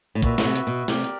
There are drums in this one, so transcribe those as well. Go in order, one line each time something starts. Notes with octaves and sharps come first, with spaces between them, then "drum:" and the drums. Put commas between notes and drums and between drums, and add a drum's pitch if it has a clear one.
A2
A#2 F#4 B4 E5, drum: kick, hi-hat
C#3, drum: snare
C3
drum: hi-hat
B2
C3 G4 A#4 D5, drum: snare
drum: hi-hat